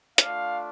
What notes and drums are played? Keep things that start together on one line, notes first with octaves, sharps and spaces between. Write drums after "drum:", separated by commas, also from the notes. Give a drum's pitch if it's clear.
A3 D4 F4 F5, drum: hi-hat